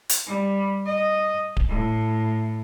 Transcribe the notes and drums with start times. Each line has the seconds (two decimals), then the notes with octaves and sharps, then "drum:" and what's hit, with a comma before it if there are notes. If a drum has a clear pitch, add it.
0.09 drum: hi-hat
0.27 G3
0.86 D#5
1.57 drum: kick D1
1.69 A2